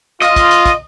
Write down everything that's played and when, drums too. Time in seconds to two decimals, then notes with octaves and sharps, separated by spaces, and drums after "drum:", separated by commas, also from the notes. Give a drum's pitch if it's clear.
0.22 F4 D#5, drum: hi-hat
0.36 drum: kick, hi-hat
0.51 drum: hi-hat
0.66 drum: kick, hi-hat